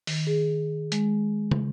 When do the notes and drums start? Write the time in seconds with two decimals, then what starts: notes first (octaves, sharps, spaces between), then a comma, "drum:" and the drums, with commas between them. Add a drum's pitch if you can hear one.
0.07 D#3, drum: open hi-hat
0.27 G#4
0.92 G#3, drum: hi-hat
1.51 drum: tom